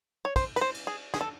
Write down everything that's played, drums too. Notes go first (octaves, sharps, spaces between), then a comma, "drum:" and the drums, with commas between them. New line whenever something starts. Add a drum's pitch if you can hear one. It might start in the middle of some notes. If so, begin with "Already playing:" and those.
C#5
C5, drum: kick, cymbal
B4, drum: cymbal
C5
drum: cymbal
G#4
G#4, drum: snare
A4